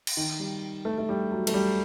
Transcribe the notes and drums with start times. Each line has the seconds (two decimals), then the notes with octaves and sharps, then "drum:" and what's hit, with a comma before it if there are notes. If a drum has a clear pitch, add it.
0.07 drum: cymbal
0.17 D#3
0.40 G3
0.85 A3
0.98 A3
1.09 G3
1.32 F#3
1.47 A3, drum: cymbal
1.54 G3